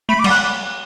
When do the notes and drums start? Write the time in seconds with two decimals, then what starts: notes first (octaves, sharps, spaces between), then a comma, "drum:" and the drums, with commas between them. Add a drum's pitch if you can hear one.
0.09 A3 B5
0.19 D6
0.24 G3, drum: cymbal
0.30 F#6